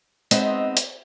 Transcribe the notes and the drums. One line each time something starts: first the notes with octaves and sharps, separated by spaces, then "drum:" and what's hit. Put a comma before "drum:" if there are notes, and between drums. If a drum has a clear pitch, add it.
G#3 B3 C4 D#4 D#5 E5, drum: hi-hat
drum: hi-hat